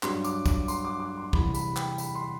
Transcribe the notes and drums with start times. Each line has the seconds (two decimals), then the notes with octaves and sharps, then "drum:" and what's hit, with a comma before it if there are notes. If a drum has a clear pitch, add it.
0.03 G2 F#3 C6, drum: clap
0.24 D6, drum: tambourine
0.46 D6, drum: kick, tambourine
0.68 C6, drum: tambourine
0.84 D6
1.00 D6
1.17 C6
1.33 E2 C3 E3 G3 B5, drum: kick
1.55 B5, drum: tambourine
1.77 G5, drum: clap
1.98 B5, drum: tambourine
2.15 C6